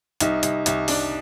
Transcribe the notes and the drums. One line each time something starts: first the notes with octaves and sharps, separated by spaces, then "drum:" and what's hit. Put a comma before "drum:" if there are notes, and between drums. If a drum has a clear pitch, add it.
C2 D#4, drum: hi-hat
C2, drum: hi-hat
C2, drum: hi-hat
D4, drum: open hi-hat